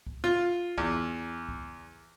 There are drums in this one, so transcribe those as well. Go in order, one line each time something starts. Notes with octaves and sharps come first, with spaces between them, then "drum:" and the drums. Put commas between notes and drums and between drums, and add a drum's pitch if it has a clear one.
drum: kick C2
F4
E2, drum: kick C2
drum: kick C2